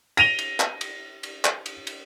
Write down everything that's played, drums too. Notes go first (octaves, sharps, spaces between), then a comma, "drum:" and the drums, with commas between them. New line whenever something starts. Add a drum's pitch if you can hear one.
A#6 D#7 F7 G7, drum: cymbal
drum: cymbal
drum: clap
drum: cymbal
drum: cymbal
drum: clap
drum: cymbal
drum: cymbal